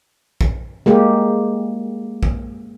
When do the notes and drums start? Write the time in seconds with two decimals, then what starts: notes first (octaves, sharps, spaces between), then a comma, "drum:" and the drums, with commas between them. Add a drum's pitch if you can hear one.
0.41 drum: kick A#1
0.86 G#3 A#3 G4
2.23 drum: kick A#1